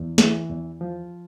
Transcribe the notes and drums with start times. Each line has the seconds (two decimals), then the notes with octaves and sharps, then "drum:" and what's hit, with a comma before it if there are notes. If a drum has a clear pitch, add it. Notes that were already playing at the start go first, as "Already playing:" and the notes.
Already playing: E2
0.18 E3, drum: snare
0.50 E2
0.81 F3